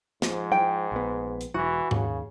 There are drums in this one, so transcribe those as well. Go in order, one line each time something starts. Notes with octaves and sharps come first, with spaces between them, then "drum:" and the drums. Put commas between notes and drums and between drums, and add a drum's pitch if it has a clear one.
G#2 F3, drum: snare
G5
A#1 B3
drum: hi-hat
E1 E3 F#4
D#2 C#3, drum: tom G#2